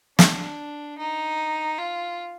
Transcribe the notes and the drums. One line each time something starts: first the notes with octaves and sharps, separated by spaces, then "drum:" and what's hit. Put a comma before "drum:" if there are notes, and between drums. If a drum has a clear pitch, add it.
D4, drum: snare
D#4
F4